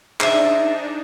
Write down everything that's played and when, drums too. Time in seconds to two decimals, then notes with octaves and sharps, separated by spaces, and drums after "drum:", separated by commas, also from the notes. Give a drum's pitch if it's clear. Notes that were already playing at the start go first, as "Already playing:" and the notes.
0.20 D4 D#4 G#4 C5 E5, drum: clap